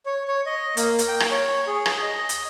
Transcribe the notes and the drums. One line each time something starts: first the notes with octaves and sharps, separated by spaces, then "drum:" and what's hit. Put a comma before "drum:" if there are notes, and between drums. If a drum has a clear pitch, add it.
C#5
C#5
D#5
A#3, drum: hi-hat
drum: hi-hat
G5
drum: rim click
C#5
G#4
drum: rim click
D#5
drum: hi-hat